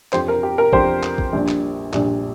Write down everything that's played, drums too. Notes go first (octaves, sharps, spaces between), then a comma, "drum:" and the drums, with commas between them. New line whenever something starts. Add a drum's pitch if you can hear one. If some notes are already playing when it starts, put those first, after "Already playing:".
F2 F3 D4 G4 C5, drum: clap
A#4
G4
A#4
F2 F3 D4 G4 C5, drum: kick
drum: clap
drum: kick
A#1 A#2 G3 D4
drum: clap
A#1 A#2 G3 D4, drum: clap